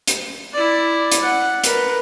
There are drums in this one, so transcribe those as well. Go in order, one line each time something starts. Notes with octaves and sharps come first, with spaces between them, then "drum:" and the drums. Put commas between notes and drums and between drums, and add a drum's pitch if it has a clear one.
drum: hi-hat
E4 D5
drum: hi-hat
F#5
A#4 B4, drum: hi-hat